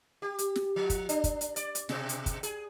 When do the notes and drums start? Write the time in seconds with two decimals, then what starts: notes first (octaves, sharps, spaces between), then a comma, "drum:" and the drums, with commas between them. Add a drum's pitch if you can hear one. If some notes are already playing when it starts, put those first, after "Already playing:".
0.22 G4
0.39 drum: hi-hat
0.56 drum: snare
0.76 F3
0.90 drum: kick, hi-hat
1.09 D4, drum: hi-hat
1.24 drum: kick, hi-hat
1.41 drum: hi-hat
1.56 D5, drum: hi-hat
1.75 drum: hi-hat
1.89 B2, drum: snare
2.09 drum: hi-hat
2.26 drum: kick, hi-hat
2.43 G#4, drum: hi-hat